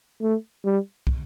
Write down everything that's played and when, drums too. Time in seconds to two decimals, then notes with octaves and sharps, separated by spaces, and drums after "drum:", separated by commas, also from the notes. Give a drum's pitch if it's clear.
0.21 A3
0.65 G3
1.07 drum: kick